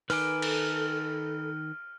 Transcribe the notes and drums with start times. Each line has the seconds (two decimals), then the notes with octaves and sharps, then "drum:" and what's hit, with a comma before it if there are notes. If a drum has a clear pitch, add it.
0.10 D#3 A4 B4 G#5 D6 F6, drum: open hi-hat
0.42 drum: cymbal